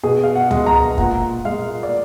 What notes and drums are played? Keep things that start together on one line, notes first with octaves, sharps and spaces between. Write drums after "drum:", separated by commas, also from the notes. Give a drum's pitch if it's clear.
B2 G#4
F5
F#5
G#3, drum: tom C#2
A#5
A#2 F#5, drum: kick
G#3 F5
D5